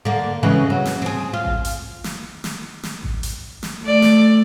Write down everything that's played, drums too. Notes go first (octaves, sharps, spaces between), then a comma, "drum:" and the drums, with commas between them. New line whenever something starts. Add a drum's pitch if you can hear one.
D3 A#3
C#3 E3 G#3
F#3
drum: snare
C4 G#4
F4
drum: kick A1
drum: hi-hat
drum: snare
drum: snare
drum: snare
drum: kick A1
drum: hi-hat
drum: snare
A3 D5
drum: snare